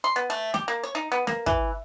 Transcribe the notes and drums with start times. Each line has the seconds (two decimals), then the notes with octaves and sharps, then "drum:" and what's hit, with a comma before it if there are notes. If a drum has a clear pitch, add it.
0.04 C6
0.16 B3
0.30 A3
0.54 G4, drum: snare
0.68 A#3
0.83 C#5
0.95 D#4
1.12 B3
1.27 A#3, drum: snare
1.46 E3, drum: kick